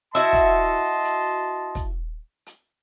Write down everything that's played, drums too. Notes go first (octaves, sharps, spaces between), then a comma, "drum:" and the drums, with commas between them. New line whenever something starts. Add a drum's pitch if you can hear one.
E4 F#4 D#5 E5 A5 C6
drum: kick, hi-hat
drum: hi-hat
drum: kick, hi-hat
drum: hi-hat